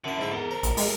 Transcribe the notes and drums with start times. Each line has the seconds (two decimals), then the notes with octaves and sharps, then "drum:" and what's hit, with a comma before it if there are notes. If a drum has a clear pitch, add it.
0.04 F#2 D3 E4 A5
0.19 G#2 A4 A#5
0.31 E2 A4 A#4
0.51 C5 A#5
0.63 A#1, drum: hi-hat
0.77 A2 G#3, drum: open hi-hat